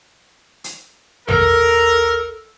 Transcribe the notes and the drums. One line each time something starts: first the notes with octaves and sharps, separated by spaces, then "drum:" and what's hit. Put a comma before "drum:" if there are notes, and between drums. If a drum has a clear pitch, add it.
drum: hi-hat
A4 A#4, drum: tom